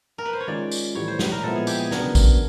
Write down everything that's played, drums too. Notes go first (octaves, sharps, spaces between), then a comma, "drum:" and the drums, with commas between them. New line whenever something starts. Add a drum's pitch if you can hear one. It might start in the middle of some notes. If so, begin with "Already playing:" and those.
A#4
B4
C5
C#5
D#3 G#3 C#4 F4 D5
drum: tambourine
A2 E3 G3 C#5
C5
B4, drum: snare
A#4
A#2 F3 G#3 B3 E4 A4
G#4
G4, drum: tambourine
G#4
C#3 F#3 B3 D4 F#4 A#4, drum: snare
drum: kick A1, tambourine